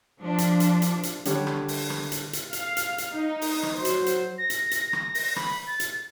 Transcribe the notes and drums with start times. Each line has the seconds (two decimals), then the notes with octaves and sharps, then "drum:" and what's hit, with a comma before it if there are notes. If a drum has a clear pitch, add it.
0.20 F3 D4
0.38 drum: hi-hat
0.60 drum: hi-hat
0.82 drum: hi-hat
1.03 drum: hi-hat
1.25 D3 G3 G4 C#5, drum: hi-hat
1.47 drum: rim click
1.68 drum: open hi-hat
1.90 drum: rim click
2.12 drum: hi-hat
2.33 drum: hi-hat
2.53 F5, drum: hi-hat
2.77 drum: hi-hat
2.98 drum: hi-hat
3.13 D#4
3.42 drum: open hi-hat
3.63 drum: rim click
3.75 F#3 C5
3.85 drum: hi-hat
4.06 drum: hi-hat
4.38 A#6
4.50 drum: hi-hat
4.71 drum: hi-hat
4.93 drum: rim click
5.15 drum: open hi-hat
5.36 B5, drum: rim click
5.67 A6
5.80 drum: hi-hat